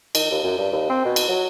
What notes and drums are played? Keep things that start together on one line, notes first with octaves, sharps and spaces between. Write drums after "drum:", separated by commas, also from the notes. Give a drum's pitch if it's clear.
D#3, drum: cymbal
D#2
F#2
G2
D#2
C4
B2
drum: cymbal
F#3